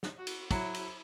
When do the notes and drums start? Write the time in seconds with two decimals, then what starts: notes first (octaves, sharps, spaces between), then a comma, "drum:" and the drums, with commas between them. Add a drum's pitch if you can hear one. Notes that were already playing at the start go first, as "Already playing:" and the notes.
0.03 drum: snare
0.18 F#4
0.27 drum: cymbal
0.51 F#3 E4, drum: kick, cymbal
0.74 drum: cymbal